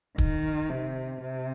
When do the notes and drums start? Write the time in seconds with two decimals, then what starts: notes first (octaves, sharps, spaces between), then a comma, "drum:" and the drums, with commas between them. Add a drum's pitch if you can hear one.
0.18 D#3, drum: kick
0.70 C3
1.21 C3